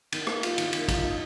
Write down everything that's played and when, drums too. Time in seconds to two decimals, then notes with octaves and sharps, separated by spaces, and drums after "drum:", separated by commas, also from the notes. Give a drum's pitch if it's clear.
0.12 D#3, drum: cymbal
0.27 A#3, drum: rim click
0.43 F4, drum: cymbal
0.58 D#3, drum: cymbal
0.73 D#3, drum: cymbal
0.88 F4, drum: kick, cymbal
1.04 D#4